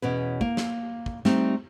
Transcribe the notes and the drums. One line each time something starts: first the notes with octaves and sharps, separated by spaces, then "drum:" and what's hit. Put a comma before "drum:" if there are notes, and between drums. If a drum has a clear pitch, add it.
E2 B2 C#4 B4
A#3, drum: kick
drum: snare
drum: kick
G3 A3 C4 D#4, drum: snare